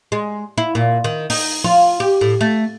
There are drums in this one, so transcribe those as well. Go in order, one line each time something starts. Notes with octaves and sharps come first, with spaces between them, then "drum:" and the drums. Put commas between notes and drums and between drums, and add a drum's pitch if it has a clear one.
G#3
E4
A#2
D#3
D#4, drum: open hi-hat
F4, drum: tom F3
G4
A2
A3